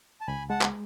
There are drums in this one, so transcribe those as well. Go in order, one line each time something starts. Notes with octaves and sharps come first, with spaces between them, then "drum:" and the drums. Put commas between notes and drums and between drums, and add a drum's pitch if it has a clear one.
A5
C#2 G#5 B5
G#3 F#5 A5
drum: clap